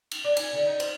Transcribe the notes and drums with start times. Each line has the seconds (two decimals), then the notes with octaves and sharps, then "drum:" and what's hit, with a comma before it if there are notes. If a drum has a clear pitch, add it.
0.11 drum: cymbal
0.24 D4
0.37 G#5, drum: cymbal
0.53 D3
0.67 D#4
0.80 C5, drum: cymbal